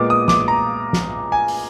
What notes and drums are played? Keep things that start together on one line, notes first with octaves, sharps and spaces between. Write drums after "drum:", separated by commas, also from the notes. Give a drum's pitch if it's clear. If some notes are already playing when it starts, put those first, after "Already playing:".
Already playing: A#2 G#3 B3 D6
D#6
D6, drum: snare
A#5
drum: snare
G#5
drum: open hi-hat